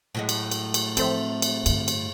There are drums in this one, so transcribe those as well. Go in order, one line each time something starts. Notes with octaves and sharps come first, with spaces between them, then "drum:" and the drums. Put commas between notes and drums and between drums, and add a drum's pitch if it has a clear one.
A2 F#3 G#3
drum: cymbal
drum: cymbal
drum: cymbal
F3 C4 A4 C5 E5, drum: cymbal
drum: cymbal
G2 D3, drum: cymbal
drum: cymbal